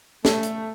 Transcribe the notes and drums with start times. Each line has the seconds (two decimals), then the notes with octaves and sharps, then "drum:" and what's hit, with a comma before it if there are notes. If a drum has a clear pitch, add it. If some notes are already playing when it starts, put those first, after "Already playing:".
0.25 A3, drum: snare
0.43 drum: hi-hat